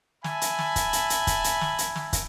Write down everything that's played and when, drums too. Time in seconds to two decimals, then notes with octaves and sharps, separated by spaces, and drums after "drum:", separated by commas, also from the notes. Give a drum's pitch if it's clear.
0.24 E5 G#5 A5 B5, drum: snare
0.41 drum: hi-hat
0.59 drum: snare
0.76 drum: kick, hi-hat
0.93 drum: hi-hat
1.10 drum: hi-hat
1.27 drum: kick, hi-hat
1.44 drum: hi-hat
1.61 drum: snare
1.78 drum: hi-hat
1.96 drum: snare
2.13 drum: kick, hi-hat